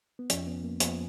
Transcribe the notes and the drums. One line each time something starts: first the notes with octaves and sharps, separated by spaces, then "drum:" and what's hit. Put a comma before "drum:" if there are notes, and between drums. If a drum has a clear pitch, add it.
B3
F2 F3 C#4, drum: hi-hat
B3
A#3
F2 F3 B3, drum: hi-hat